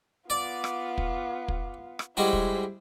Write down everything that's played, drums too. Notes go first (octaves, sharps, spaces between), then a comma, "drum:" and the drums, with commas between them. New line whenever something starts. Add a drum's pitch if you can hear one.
B3 F4 D5
drum: rim click
drum: kick
drum: kick
drum: rim click
G3 G#3 E4 F#4 C5
drum: kick